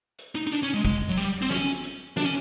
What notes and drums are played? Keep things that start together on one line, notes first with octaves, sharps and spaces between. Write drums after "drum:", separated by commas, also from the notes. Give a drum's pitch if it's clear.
drum: hi-hat
D#4
D#4
D4, drum: hi-hat
C#4
G#3
G#3, drum: kick G1
F#3
G3, drum: hi-hat
C4
C#4, drum: snare
drum: hi-hat
D4, drum: snare
C#4